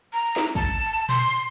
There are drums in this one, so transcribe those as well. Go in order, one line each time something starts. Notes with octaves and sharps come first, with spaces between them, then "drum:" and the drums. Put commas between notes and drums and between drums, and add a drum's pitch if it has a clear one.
A#5
drum: snare
A5, drum: kick
C6, drum: tom A#2